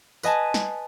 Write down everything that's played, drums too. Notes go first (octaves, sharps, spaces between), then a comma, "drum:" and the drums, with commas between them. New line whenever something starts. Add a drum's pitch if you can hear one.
B4 D#5 G#5 A5, drum: tambourine
drum: snare